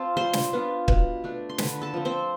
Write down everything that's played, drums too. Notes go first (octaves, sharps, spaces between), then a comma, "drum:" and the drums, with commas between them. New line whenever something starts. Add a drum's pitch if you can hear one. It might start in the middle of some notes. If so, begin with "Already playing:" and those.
Already playing: C4 F4 A5
G3 C5 C6
drum: snare
B3 D4 F4
B2, drum: kick
A3 D4
C6
D3 B4 B5, drum: snare
A4 A5
F3 C4
C4 C5